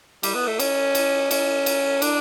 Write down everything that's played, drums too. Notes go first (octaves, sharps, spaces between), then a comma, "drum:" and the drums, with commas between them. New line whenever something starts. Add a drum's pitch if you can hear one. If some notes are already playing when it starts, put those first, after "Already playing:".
G3, drum: cymbal
B3
A3
C#4, drum: cymbal
drum: cymbal
C#4, drum: cymbal
drum: cymbal
D4, drum: cymbal